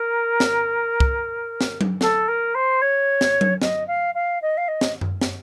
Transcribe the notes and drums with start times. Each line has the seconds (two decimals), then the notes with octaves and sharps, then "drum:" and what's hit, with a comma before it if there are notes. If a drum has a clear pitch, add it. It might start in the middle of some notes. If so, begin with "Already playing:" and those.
Already playing: A#4
0.40 drum: snare
1.00 drum: kick
1.61 drum: snare
1.81 drum: tom F#3
2.01 A4, drum: snare
2.28 A#4
2.54 C5
2.81 C#5
3.21 drum: snare
3.41 drum: tom F#3
3.62 D#5, drum: snare
3.87 F5
4.14 F5
4.42 D#5
4.57 F5
4.68 D#5
4.81 drum: snare
5.01 drum: tom F#2
5.21 drum: snare